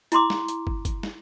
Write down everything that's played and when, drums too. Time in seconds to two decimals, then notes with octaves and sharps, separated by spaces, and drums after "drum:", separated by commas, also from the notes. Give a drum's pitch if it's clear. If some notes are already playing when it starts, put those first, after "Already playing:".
0.12 E4 A#5 C6 D6, drum: hi-hat
0.30 drum: snare
0.48 drum: hi-hat
0.67 drum: kick
0.85 drum: kick, hi-hat
1.03 drum: snare